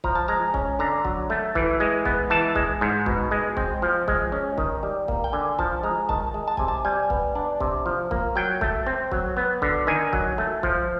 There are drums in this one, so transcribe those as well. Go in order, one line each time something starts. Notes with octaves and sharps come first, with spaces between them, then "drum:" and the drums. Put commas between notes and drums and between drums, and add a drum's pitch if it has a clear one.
F3 A#5, drum: kick
A5
G#3 A#5
C#4, drum: kick
D3 A#5
F#3, drum: kick
A3
E3, drum: kick
G#3
B3, drum: kick
E3 A5
G#3, drum: kick
G#2
B2, drum: kick
G#3
C4, drum: kick
F3
G#3, drum: kick
C#4
D#3, drum: kick
G3
A#3, drum: kick
G5
D3 G#5
F3 A5, drum: kick
G#3 A#5
D#3 A5, drum: kick
G#3
A5
C3 G#5, drum: kick
A5
G3 G#5
B3, drum: kick
D4
C3, drum: kick
F3
A#3, drum: kick
F#3 G5
A3, drum: kick
C4
F#3, drum: kick
B3
D3, drum: kick
D#3 G#5
F#3, drum: kick
A3
F3, drum: kick